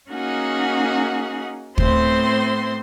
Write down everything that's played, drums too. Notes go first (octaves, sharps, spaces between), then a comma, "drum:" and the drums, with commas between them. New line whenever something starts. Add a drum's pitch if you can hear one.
A#3 C#4 D#4 F#4 G#4 F#5
A2 B3 C4 C5 C6, drum: kick